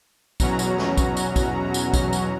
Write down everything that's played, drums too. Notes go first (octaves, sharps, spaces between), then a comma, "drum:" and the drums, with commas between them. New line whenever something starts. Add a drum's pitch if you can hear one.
E2 B2 F#3 C#4 F#4 A#5, drum: kick A#1, tambourine
drum: tambourine
drum: snare
drum: kick A#1, tambourine
drum: tambourine
drum: kick A#1, tambourine
drum: tambourine
drum: kick A#1, tambourine
drum: tambourine